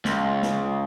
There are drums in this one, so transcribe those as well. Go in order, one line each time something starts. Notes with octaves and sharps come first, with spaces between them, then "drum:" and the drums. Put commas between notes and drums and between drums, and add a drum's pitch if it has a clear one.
C#2, drum: snare
drum: snare